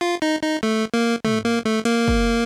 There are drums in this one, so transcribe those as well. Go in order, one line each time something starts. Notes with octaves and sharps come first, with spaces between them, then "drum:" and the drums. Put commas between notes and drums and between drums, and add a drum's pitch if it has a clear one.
F4
D#4
D#4
A3
A#3
A3, drum: tom
A#3
A3
A#3, drum: cymbal
drum: kick